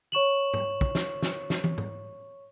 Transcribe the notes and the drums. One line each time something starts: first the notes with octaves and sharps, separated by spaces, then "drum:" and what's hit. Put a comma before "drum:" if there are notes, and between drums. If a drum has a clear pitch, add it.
C#5 C#6 E7 F#7
drum: tom G#2
drum: kick
drum: snare
drum: snare
drum: snare
drum: tom
drum: tom G#2